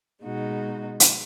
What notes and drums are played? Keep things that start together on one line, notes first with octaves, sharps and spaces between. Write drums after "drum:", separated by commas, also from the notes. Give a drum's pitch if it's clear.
B2 G#3 D#4 F#4
drum: hi-hat